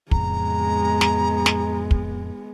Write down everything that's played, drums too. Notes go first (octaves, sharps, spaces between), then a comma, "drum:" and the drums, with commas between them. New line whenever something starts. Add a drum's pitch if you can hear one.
F2 A2 C#3 G#3 B3 A#5, drum: kick
drum: snare
drum: snare
drum: kick